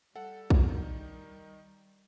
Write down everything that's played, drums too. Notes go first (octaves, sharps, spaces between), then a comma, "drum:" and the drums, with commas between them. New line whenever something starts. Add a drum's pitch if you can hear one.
G3 A4 F#5
drum: kick A#1
D#3 D#4